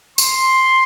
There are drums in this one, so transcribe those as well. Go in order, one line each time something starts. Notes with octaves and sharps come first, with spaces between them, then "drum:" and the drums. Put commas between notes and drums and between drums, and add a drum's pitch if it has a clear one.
C6, drum: tambourine